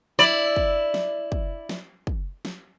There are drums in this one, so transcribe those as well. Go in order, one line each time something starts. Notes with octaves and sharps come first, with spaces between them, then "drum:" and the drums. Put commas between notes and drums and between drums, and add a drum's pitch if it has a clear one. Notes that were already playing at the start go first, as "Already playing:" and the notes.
E4 D5, drum: snare
drum: kick
drum: snare
drum: kick
drum: snare
drum: kick
drum: snare